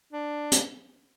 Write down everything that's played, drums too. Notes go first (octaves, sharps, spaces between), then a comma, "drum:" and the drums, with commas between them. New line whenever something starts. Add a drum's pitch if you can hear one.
D4
drum: hi-hat